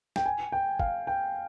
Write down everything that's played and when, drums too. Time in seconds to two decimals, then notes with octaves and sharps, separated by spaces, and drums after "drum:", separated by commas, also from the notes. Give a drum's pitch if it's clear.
0.16 G5, drum: snare
0.26 G#5
0.52 G5
0.79 F5, drum: kick
1.07 G5